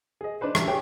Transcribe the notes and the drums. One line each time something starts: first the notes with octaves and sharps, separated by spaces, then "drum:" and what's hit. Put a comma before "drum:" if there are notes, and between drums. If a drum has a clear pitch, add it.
G#4 D#5
D4 D#4 B4 C5
A1 G3 A#5, drum: rim click
G4 G#4 C#5 G5